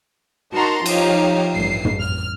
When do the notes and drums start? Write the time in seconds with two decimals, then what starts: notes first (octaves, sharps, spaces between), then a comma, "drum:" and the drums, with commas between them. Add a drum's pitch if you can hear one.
0.53 D#4 F#4 A#4 A5 A#5 C6
0.86 F3 D#4 G4 C#5 F5, drum: cymbal
1.55 A1 G2 C7
1.85 drum: tom
2.01 F6